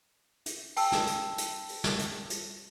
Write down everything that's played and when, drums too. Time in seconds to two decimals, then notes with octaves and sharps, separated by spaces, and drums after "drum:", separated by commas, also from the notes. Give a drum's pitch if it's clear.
0.46 drum: hi-hat
0.77 G5 A5 E6, drum: open hi-hat
0.92 drum: snare
1.07 drum: hi-hat
1.38 drum: hi-hat
1.69 drum: open hi-hat
1.84 drum: snare
1.99 drum: hi-hat
2.30 drum: hi-hat